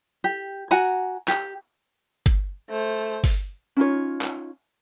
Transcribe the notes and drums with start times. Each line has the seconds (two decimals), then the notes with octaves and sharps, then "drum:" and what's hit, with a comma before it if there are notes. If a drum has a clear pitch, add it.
0.24 G4
0.71 F#4 F#5 G#5 A#5
1.28 G4, drum: clap
2.26 drum: kick G1, hi-hat
2.69 A3 C5
3.24 drum: kick G1, open hi-hat
3.77 C#4 D#4 F4 C#5
4.21 drum: clap